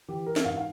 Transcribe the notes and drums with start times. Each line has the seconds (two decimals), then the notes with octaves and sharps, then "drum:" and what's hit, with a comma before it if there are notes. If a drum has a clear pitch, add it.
0.08 E3 G4
0.26 A#4
0.36 E5, drum: snare
0.45 G#2 F5
0.57 F5